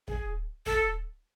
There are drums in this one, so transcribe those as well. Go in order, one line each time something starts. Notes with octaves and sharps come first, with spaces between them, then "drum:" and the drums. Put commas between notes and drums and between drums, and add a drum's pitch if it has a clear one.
G#4, drum: kick
A4, drum: kick